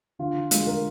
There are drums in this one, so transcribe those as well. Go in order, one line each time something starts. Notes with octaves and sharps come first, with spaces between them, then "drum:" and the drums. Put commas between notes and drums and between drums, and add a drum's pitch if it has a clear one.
D3 F4
D3
G#3 F4, drum: hi-hat
G#3 A#4